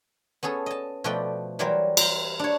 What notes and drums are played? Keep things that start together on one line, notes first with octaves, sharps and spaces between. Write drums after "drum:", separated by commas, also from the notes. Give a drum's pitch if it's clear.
B3 C#4 G#4 A4
D#5 A5
B2 F3 A3 B4 D5 G5
E3 F#3 G3 A#4 C5
A#4 C5 G5, drum: cymbal
D4 C#5